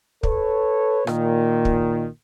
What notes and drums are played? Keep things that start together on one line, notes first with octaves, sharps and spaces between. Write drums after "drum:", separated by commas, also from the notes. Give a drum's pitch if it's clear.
A4 B4 C#5, drum: kick
A#2 D#3, drum: rim click
drum: kick